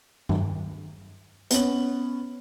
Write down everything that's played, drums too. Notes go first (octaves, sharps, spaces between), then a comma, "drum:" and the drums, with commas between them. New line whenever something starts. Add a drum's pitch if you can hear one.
drum: tom G2
B3 C#4 F#7, drum: hi-hat